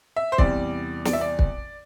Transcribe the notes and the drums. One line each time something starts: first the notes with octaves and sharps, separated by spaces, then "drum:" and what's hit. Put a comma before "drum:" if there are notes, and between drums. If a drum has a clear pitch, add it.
E5
C5
E2 C3 G3 D5, drum: kick
D5, drum: snare
E5
D5
drum: kick